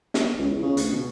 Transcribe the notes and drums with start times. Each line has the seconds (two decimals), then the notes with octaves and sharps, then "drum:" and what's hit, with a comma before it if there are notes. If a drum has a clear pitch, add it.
0.14 drum: snare
0.38 C#2
0.50 E2
0.62 C#3
0.77 D2, drum: hi-hat
0.92 B2